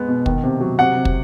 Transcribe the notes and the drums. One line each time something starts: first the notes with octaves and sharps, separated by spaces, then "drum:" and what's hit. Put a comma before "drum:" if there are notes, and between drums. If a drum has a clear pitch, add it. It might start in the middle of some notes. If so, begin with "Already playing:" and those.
Already playing: G#3 B3
B2
D#3, drum: kick
C3
F#3
C3 F#5
C3
drum: kick